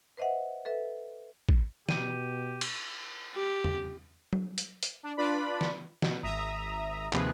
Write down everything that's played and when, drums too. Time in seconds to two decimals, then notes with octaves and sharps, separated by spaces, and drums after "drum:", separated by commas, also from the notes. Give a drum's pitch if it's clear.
0.17 B4 C5 D#5 E5 F#5
0.65 A4 B4 E5
1.49 drum: kick
1.89 B2 G4 D#7, drum: snare
2.61 drum: cymbal
3.34 G4
3.64 drum: tom
4.33 drum: tom F#3
4.58 drum: hi-hat
4.83 drum: hi-hat
5.03 D4
5.17 D4 F4 B4 D5 B5
5.61 drum: snare
6.02 B2, drum: snare
6.23 G#1 E5 A#5 D#6
7.13 D#2 C3 F3 G#4 B4, drum: clap